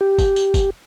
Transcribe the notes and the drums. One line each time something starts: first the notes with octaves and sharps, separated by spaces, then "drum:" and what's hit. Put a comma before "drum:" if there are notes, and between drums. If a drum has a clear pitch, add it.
G4
drum: kick F#1, tambourine
drum: tambourine
drum: kick F#1, tambourine